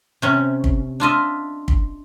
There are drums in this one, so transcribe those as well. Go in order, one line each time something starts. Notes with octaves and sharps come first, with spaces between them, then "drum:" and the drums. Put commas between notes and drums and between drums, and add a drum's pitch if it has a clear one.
C3 C#4
drum: kick
D4 F4 D#5 E5
drum: kick